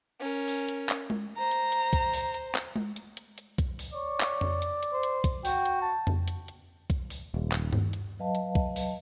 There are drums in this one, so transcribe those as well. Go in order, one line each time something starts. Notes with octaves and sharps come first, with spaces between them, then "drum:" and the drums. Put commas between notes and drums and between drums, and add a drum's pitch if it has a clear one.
C#4 A#4
drum: open hi-hat
drum: hi-hat
drum: clap
drum: tom G#3
C5 A#5
drum: hi-hat
drum: hi-hat
drum: kick B1, hi-hat
drum: open hi-hat
drum: hi-hat
drum: clap
drum: tom G#3
drum: hi-hat
drum: hi-hat
drum: hi-hat
drum: kick B1, hi-hat
drum: open hi-hat
C#5 D5
drum: clap
drum: tom F2
drum: hi-hat
drum: hi-hat
C5
drum: hi-hat
drum: kick B1, hi-hat
F#4 G5, drum: open hi-hat
drum: hi-hat
A5
drum: tom F2
drum: hi-hat
drum: hi-hat
drum: kick B1, hi-hat
drum: open hi-hat
D#1
drum: clap
drum: tom G2
drum: hi-hat
F#3 B4 D#5 F5 A5
drum: hi-hat
drum: kick B1
drum: open hi-hat